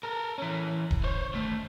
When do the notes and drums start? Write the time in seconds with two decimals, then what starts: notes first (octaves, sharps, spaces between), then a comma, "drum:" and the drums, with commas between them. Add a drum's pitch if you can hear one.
0.03 A4 A#4
0.38 E3 C#4
0.91 drum: kick D#1
1.04 C5 C#5
1.34 D#3 A3